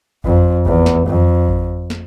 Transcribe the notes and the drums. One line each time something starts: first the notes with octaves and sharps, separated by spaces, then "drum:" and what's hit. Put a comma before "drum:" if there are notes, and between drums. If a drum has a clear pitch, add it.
F2, drum: kick G#1
E2, drum: kick G#1
drum: snare
F2
drum: kick G#1
drum: snare